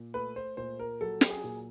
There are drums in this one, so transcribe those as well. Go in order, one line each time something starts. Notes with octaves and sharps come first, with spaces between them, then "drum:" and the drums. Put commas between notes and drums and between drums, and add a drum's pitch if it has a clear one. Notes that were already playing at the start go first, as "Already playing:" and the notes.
Already playing: A#2
A3 B4
C5
A#2 C5
A#4
F#3 A4
drum: snare
G#4
A#2